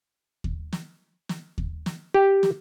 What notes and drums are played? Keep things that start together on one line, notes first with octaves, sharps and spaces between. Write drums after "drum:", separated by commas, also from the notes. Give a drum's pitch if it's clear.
drum: kick D#2
drum: snare
drum: snare
drum: kick D#2
drum: snare
G4
drum: snare